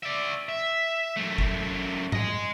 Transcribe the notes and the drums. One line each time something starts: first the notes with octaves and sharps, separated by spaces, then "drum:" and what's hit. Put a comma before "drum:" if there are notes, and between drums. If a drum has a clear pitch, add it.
D5 E5
E5
F#2 A3
drum: kick
D#5 G#5, drum: tom G#2